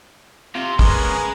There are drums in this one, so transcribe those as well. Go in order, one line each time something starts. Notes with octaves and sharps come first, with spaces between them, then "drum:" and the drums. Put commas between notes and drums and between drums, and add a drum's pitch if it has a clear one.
C3 F4 C6
C#3 G#3 B3 G#4 A#4, drum: kick